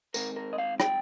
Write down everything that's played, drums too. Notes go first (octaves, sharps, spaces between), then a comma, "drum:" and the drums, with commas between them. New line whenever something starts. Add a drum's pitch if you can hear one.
D#3 G#3 C4 A#4, drum: tambourine
A#4
D#5
F5
G5, drum: rim click